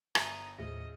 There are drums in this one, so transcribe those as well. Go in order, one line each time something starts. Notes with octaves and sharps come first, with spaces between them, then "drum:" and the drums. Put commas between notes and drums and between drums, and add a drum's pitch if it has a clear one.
G1 E5 A#5 D#6, drum: rim click
D#2 A2 C#3 F3 A3 D#5 A#6